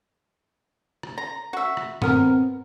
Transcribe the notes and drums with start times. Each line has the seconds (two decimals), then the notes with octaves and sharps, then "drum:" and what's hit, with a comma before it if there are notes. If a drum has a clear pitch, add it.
1.03 drum: rim click
1.18 A#5
1.53 F#4 E5
1.77 drum: rim click
2.02 B3 C4 A#4, drum: tom G2